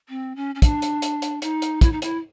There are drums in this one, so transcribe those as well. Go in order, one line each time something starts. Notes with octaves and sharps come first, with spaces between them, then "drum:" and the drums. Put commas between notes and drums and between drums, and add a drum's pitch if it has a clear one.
C4
C#4
C#4
D4, drum: kick, hi-hat
drum: hi-hat
drum: hi-hat
drum: hi-hat
D#4, drum: hi-hat
drum: hi-hat
E4, drum: kick, hi-hat
D#4
E4, drum: hi-hat